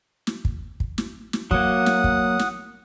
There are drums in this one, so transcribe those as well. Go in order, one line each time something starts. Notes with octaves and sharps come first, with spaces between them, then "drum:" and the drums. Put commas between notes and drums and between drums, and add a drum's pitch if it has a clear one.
drum: snare
drum: kick
drum: kick
drum: snare
drum: snare
F#3 A#3 F#5 D#6, drum: kick
drum: snare
drum: kick
drum: snare